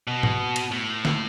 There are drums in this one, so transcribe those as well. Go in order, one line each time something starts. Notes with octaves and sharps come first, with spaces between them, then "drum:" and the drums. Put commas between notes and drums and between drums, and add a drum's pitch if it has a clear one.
B2
drum: tom G#2
drum: cymbal
A2
drum: snare